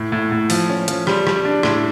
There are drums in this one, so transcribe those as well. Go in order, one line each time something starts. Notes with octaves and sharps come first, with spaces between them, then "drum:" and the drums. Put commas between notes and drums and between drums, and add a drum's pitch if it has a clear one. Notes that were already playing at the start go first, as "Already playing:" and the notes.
Already playing: A2
A2
A2
F3, drum: open hi-hat
C#4
F3, drum: hi-hat
G3, drum: rim click
G3, drum: rim click
D4
A2, drum: rim click